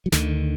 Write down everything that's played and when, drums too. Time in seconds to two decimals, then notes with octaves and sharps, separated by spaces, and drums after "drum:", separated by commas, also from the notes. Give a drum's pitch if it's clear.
0.06 F#3
0.12 D2 D3 D#3, drum: snare